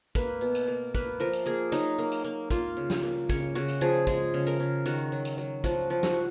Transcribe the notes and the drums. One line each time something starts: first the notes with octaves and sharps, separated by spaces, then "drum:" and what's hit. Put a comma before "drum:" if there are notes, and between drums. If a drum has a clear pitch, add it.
A#3 B4, drum: kick, hi-hat
B2
drum: hi-hat
A#3
A#3 B4, drum: kick, hi-hat
F3 A#4
drum: hi-hat
A#3 G#4
F#3 D#4, drum: hi-hat
A#3
drum: hi-hat
A#3
A#3 F4, drum: kick, hi-hat
C#3
drum: snare
A#3
C#3 C#5, drum: kick, hi-hat
C#3 F#4
drum: hi-hat
F3 G#4
G#3 G#4, drum: kick, hi-hat
C#3
A#4, drum: hi-hat
C#3
D#3 F#4, drum: hi-hat
F#3
drum: hi-hat
F#3
F3 F#4, drum: kick, hi-hat
F3
F#4, drum: snare